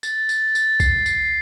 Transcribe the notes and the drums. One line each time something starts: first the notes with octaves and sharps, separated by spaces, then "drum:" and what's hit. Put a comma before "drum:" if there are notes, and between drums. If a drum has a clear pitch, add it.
A6, drum: tambourine
A6, drum: tambourine
A6, drum: tambourine
C7, drum: kick B1, tambourine
C7, drum: tambourine